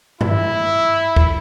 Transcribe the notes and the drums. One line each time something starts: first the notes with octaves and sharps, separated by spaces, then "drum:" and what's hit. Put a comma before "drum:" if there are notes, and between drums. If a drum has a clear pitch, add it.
E4, drum: tom G2
drum: kick